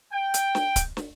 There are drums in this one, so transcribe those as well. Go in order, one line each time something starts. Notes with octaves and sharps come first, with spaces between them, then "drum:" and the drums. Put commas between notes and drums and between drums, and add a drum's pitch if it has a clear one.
G5
drum: hi-hat
drum: snare
drum: kick C#1, hi-hat
drum: snare